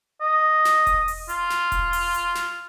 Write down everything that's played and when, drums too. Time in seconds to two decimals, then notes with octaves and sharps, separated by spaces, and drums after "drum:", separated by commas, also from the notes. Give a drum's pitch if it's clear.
0.21 D#5
0.65 drum: snare
0.87 drum: kick E1, hi-hat
1.08 drum: open hi-hat
1.29 F4, drum: hi-hat
1.50 drum: snare
1.72 drum: kick E1, hi-hat
1.93 drum: open hi-hat
2.14 drum: hi-hat
2.36 drum: snare